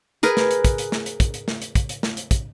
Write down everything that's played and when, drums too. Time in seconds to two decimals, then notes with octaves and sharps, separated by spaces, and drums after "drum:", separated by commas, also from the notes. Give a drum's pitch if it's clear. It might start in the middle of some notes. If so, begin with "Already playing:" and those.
0.23 G#4 A#4 B4, drum: hi-hat
0.37 drum: snare
0.51 drum: hi-hat
0.65 drum: kick, hi-hat
0.78 drum: hi-hat
0.92 drum: snare
1.06 drum: hi-hat
1.20 drum: kick, hi-hat
1.34 drum: hi-hat
1.48 drum: snare
1.62 drum: hi-hat
1.75 drum: kick, hi-hat
1.89 drum: hi-hat
2.03 drum: snare
2.17 drum: hi-hat
2.31 drum: kick, hi-hat